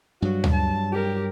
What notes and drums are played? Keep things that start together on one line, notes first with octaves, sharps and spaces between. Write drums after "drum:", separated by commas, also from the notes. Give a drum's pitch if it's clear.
G2 F#3 F#4
drum: tom D2
A5
G4 A#4